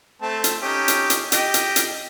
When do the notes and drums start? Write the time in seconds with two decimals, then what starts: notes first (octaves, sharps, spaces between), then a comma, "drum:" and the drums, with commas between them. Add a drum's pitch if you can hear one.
0.22 A3 C4 A5
0.44 drum: hi-hat
0.62 C#4 D#4 G4
0.88 drum: hi-hat
1.10 drum: hi-hat
1.32 G4 D#5 G5, drum: hi-hat
1.54 drum: hi-hat
1.76 drum: hi-hat